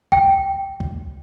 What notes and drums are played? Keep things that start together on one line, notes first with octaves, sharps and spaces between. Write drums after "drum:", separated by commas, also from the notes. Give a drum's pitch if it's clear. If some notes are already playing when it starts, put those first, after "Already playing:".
G5, drum: kick C#2
drum: kick C#2